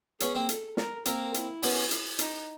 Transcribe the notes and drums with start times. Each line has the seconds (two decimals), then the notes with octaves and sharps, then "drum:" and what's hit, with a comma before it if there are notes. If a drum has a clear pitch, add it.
0.20 B3 C#4 G#4, drum: hi-hat
0.35 A#3 C4
0.49 A4, drum: hi-hat
0.77 A#4, drum: snare
1.05 A#3 C4 A#4, drum: hi-hat
1.34 E4, drum: hi-hat
1.63 B3 C#4, drum: open hi-hat
1.91 drum: hi-hat
2.19 D#4, drum: hi-hat